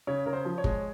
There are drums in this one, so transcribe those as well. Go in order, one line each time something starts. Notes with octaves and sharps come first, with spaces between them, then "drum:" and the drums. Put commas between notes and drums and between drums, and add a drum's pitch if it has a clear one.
C#3 C#5
C#3 A#4
C5
F3
C#5
G#3, drum: kick G1